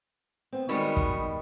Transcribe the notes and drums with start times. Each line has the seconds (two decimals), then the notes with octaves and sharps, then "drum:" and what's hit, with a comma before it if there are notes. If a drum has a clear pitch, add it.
0.52 B3 C4
0.69 D#3 G3 G#3 B3 F#4 C#6
0.97 drum: kick